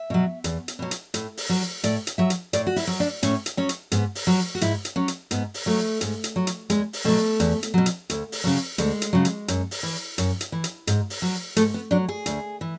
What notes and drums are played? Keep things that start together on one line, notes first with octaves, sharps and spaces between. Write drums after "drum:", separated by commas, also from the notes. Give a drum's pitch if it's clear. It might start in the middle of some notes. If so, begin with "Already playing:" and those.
Already playing: E5
B2 F#3
E2, drum: hi-hat
drum: hi-hat
B2 F#3
drum: hi-hat
A2, drum: hi-hat
drum: open hi-hat
F#3
A2 D5, drum: hi-hat
drum: hi-hat
F#3 E5
drum: hi-hat
A2 D5, drum: hi-hat
F#4
E4, drum: open hi-hat
F#3
D4
A2 C#4, drum: hi-hat
drum: hi-hat
F#3 C#4
drum: hi-hat
G#2 B3, drum: hi-hat
drum: open hi-hat
F#3
F#4
G#2 E4, drum: hi-hat
drum: hi-hat
F#3 C#4
drum: hi-hat
G#2 B3, drum: hi-hat
drum: open hi-hat
F#3 A3
G#2, drum: hi-hat
drum: hi-hat
F#3
drum: hi-hat
E2 G#3, drum: hi-hat
drum: open hi-hat
B2 F#3 A3
E2, drum: hi-hat
drum: hi-hat
B2 F#3
drum: hi-hat
D2, drum: hi-hat
drum: open hi-hat
C#3 F#3
D2 G#3, drum: hi-hat
drum: hi-hat
C#3 F#3
drum: hi-hat
F#2, drum: hi-hat
drum: open hi-hat
E3
F#2, drum: hi-hat
drum: hi-hat
E3
drum: hi-hat
G#2, drum: hi-hat
drum: open hi-hat
F#3
G#2 A3, drum: hi-hat
B3
F#3 D4
G#4
D2, drum: hi-hat
E3